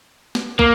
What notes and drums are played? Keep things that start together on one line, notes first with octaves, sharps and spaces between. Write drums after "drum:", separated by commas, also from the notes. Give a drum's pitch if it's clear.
drum: snare
A#3, drum: kick